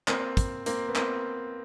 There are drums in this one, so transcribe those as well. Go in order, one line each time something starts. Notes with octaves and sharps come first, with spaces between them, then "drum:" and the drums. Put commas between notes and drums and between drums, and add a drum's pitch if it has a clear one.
A#3 C4, drum: clap
drum: kick, hi-hat
A#3 C4, drum: hi-hat
B3
A#3 C4, drum: clap